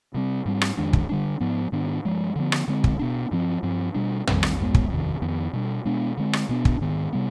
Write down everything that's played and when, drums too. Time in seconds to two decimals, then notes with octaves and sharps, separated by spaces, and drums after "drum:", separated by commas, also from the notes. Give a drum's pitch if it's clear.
0.14 C3 G3 C4
0.45 G#2 G3 C4
0.61 drum: rim click
0.77 F2 D#3 G#3 D4
0.93 drum: kick
1.09 D3 G3 D4
1.40 G#2 F3 B3
1.72 G#2 D#3 B3 D4
2.05 G2 F3 G#3
2.36 D3 F3 B3
2.52 drum: rim click
2.68 D3 G#3 C4
2.84 drum: kick
2.99 B2 B3 D4
3.31 G2 F3 C4
3.63 G2 F3 C4
3.94 B2 G3 D4
4.27 F2 D#3 G3 C4, drum: tom
4.43 drum: rim click
4.59 G2 D#3 G#3 B3
4.75 drum: kick
4.90 F2 C3 D#3
5.22 F2 D#3 B3
5.53 B2 G3 D4
5.85 B2 G#3 B3 D4
6.17 D3 G#3 C4
6.33 drum: rim click
6.49 B2 B3 D4
6.65 drum: kick
6.81 G#2 D#3 B3
7.12 C3 G3 B3